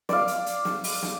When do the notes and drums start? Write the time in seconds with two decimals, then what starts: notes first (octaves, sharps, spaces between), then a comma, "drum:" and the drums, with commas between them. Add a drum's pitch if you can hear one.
0.09 D5 F5, drum: snare
0.28 drum: hi-hat
0.46 drum: hi-hat
0.65 drum: snare
0.84 drum: open hi-hat
1.02 drum: snare